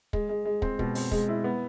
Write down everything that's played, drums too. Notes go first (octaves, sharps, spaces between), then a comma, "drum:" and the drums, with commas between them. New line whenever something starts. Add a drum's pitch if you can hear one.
G#3, drum: kick
G#3
G#3
C4, drum: kick
B2, drum: kick
C4, drum: open hi-hat
G#3, drum: kick
E4
B3